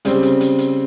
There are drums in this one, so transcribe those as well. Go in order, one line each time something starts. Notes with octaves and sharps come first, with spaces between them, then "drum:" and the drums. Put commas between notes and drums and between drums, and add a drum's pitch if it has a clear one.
C#3 G3 C4, drum: hi-hat
drum: hi-hat
drum: hi-hat
drum: hi-hat